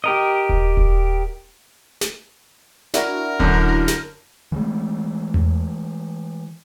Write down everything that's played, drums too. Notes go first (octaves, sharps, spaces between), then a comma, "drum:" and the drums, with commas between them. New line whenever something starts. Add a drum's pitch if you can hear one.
G4 A#4 D#5
drum: kick D#1
drum: kick D#1
drum: snare
D4 E4 F#4 A#4, drum: snare
F#2 D3, drum: kick D#1
drum: snare
E3 F3 G#3 A3
drum: tom E2